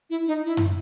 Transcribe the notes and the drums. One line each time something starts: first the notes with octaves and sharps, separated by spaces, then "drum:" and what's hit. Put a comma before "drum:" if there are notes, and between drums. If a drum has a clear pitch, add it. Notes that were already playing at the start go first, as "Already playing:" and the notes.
E4
D#4
E4
drum: tom F#2